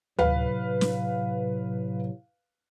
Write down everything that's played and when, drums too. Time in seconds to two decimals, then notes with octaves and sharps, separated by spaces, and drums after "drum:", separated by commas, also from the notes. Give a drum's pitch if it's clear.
0.19 A2 C3 F#3 B4 F5, drum: tom D2
0.81 drum: snare